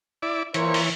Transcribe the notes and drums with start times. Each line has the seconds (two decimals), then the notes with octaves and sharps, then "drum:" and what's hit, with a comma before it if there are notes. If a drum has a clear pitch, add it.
0.22 E4 D5
0.54 A#2 E3 A#4 C5 C#5, drum: hi-hat
0.74 drum: open hi-hat